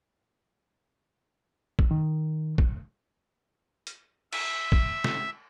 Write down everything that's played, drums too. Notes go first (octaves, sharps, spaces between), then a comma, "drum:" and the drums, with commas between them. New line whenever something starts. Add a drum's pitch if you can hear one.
drum: kick
D#3
drum: kick
drum: hi-hat
E5, drum: cymbal
drum: kick
drum: snare